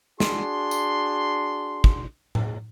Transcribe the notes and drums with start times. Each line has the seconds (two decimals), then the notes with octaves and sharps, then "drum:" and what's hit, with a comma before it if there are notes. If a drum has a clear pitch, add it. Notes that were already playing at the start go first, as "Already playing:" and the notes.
0.20 D4 F#4 G#4 C6, drum: snare
0.71 drum: tambourine
1.84 drum: kick
2.35 drum: tom A2